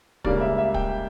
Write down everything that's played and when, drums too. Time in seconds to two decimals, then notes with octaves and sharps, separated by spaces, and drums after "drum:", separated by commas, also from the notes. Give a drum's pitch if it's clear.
0.24 C#2 C#3 G3 A#3 D5, drum: kick
0.41 E5
0.58 E5
0.74 G5, drum: kick